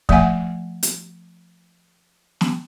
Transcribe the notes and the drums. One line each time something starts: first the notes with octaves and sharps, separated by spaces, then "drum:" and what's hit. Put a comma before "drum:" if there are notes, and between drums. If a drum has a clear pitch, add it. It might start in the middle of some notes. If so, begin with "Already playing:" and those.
F3 A3 E5 F#5 G#5, drum: kick
drum: hi-hat
drum: snare